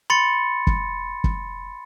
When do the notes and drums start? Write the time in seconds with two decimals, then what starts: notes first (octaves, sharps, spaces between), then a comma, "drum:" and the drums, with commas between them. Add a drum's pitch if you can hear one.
0.10 B5 C6 A6 C#7
0.67 drum: kick
1.24 drum: kick